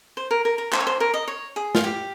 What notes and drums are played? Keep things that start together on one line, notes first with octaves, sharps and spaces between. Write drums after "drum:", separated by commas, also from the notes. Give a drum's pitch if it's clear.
C5
A#4
A#4
A#4
C5, drum: clap
C#5
C5
A#4
D#5
C#5
G#4
F4, drum: snare
G4